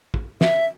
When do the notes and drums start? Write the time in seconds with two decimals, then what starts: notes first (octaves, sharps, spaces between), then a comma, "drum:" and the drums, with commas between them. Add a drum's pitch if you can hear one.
0.14 drum: kick
0.41 E5, drum: snare